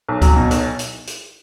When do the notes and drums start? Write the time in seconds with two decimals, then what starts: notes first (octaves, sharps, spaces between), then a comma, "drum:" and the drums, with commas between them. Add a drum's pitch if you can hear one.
0.09 B1
0.22 F#3, drum: kick C#2, hi-hat
0.36 B2
0.51 B1, drum: hi-hat
0.79 drum: hi-hat
1.07 drum: hi-hat